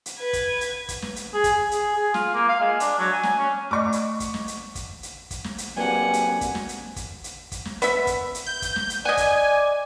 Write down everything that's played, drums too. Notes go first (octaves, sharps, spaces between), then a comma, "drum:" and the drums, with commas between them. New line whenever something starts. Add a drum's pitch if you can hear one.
drum: hi-hat
B4 G#6
drum: kick, hi-hat
drum: hi-hat
drum: kick, hi-hat
drum: snare
drum: hi-hat
G#4
drum: kick, hi-hat
G#4
G#4, drum: hi-hat
G#4
F4, drum: snare
A#3
F5
G#3
D4, drum: hi-hat
F#3
G#5
drum: snare
C#4
A3 D5 D#5 C#6 D6
drum: hi-hat
drum: kick, hi-hat
drum: snare
drum: hi-hat
drum: kick, hi-hat
drum: hi-hat
drum: kick, hi-hat
drum: snare
drum: hi-hat
G2 F#3 A#3 C4 F#5 G#5
drum: hi-hat
drum: kick, hi-hat
drum: snare
drum: hi-hat
drum: kick, hi-hat
drum: hi-hat
drum: kick, hi-hat
drum: snare
B3 E5, drum: hi-hat
drum: kick, hi-hat
drum: hi-hat
G6
drum: kick, hi-hat
drum: snare
drum: hi-hat
D5 D#5 F#5 G#5
drum: kick, hi-hat